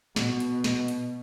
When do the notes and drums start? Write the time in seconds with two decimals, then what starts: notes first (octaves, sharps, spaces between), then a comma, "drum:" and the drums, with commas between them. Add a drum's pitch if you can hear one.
0.16 B2, drum: snare
0.40 drum: hi-hat
0.64 drum: snare
0.88 drum: hi-hat